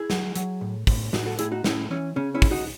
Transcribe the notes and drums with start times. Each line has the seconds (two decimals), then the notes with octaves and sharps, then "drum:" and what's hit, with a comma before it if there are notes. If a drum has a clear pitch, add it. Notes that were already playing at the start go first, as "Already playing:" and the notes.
Already playing: E4 G#4
0.10 F#3, drum: snare
0.36 F#3, drum: hi-hat
0.61 A2
0.87 A2, drum: kick, open hi-hat
1.13 A2 D#4 F#4, drum: snare
1.26 F#4 A4
1.39 A2 E4 G#4, drum: hi-hat
1.51 D#4 F#4
1.64 A2 C#4 E4, drum: snare
1.91 E3 C#4
2.16 C#3 C#4
2.34 C#4 E4
2.42 C#2, drum: kick, open hi-hat
2.51 D#4 F#4